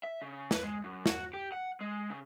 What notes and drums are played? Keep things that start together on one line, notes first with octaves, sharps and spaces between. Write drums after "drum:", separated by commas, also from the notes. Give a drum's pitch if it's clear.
E5
C#3
B4, drum: snare
G#3
F#2
F#4, drum: snare
G4
F#5
G#3
C#3